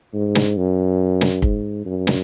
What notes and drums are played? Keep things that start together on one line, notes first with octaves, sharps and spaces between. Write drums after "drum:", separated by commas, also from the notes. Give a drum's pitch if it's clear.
G#2
drum: snare
F#2
drum: snare
G#2, drum: kick
F#2
drum: snare